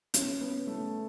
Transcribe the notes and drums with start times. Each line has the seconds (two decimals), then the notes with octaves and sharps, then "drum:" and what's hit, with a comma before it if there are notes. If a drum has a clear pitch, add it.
0.14 C#4, drum: hi-hat
0.41 B3
0.67 A3